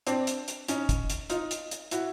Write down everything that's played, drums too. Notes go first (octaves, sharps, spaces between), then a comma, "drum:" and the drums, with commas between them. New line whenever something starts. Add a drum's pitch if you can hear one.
C4 D4, drum: hi-hat
drum: hi-hat
drum: hi-hat
C#4 D#4, drum: hi-hat
drum: kick, hi-hat
drum: hi-hat
D#4 F4, drum: hi-hat
drum: hi-hat
drum: hi-hat
E4 F#4, drum: hi-hat